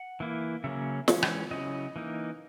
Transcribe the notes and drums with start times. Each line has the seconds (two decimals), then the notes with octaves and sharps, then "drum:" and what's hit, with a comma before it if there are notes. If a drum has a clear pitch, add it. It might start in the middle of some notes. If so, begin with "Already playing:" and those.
Already playing: F#5
0.20 E3 A#3 E4
0.64 C#3 F#3 A#3 C#4 E5
1.08 E3 G#3 C#4, drum: snare
1.23 drum: rim click
1.51 C#3 F#3 C#4 E4 D#5
1.96 E3 A#3 D#4